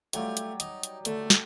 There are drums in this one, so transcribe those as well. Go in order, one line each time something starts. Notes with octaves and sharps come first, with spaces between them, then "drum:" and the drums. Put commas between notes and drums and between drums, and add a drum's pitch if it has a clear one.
F#3 G3 A3 F4 G4, drum: hi-hat
drum: hi-hat
D#4, drum: hi-hat
drum: hi-hat
D3 A3, drum: hi-hat
drum: snare